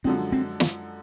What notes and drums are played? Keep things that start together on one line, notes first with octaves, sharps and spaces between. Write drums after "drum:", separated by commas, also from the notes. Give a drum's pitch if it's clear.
F#2 D3 F3 G#3 C4
C4
drum: snare